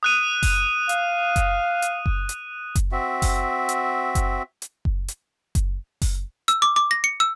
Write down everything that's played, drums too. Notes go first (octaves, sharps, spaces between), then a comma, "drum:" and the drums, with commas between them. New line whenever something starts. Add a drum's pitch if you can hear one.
D#6 F#6 D#7
drum: kick F#1, open hi-hat
F5, drum: hi-hat
drum: kick F#1, hi-hat
drum: hi-hat
drum: kick F#1
drum: hi-hat
drum: kick F#1, hi-hat
C4 F#4 E5
drum: kick F#1, open hi-hat
drum: hi-hat
drum: kick F#1, hi-hat
drum: hi-hat
drum: kick F#1
drum: hi-hat
drum: kick F#1, hi-hat
drum: kick F#1, open hi-hat
E6, drum: hi-hat
D6
D6
A#6
C#7
E6